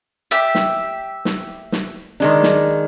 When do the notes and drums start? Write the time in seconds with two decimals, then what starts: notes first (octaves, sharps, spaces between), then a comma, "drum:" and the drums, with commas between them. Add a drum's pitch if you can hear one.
0.31 G4 E5
0.55 drum: snare
1.25 drum: snare
1.72 drum: snare
2.20 D#3 G#3 D4
2.43 drum: snare